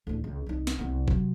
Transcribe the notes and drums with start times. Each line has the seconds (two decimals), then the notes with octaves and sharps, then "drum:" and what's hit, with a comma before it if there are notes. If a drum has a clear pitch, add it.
0.07 A1 D2
0.24 C#2
0.46 C2 D#4
0.67 drum: snare
0.79 C2 B3
1.08 C3 F#3, drum: kick G1